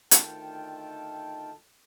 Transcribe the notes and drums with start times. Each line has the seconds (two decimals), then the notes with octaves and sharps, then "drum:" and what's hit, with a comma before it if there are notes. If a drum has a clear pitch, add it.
0.11 D2 D#3 F4 A4 G5 A5, drum: hi-hat